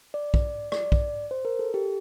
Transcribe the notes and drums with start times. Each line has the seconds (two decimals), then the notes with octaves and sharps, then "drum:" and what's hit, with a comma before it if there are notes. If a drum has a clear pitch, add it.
0.14 D5
0.34 drum: kick
0.72 D5, drum: rim click
0.92 drum: kick
1.31 C5
1.45 A#4
1.59 A4
1.74 G4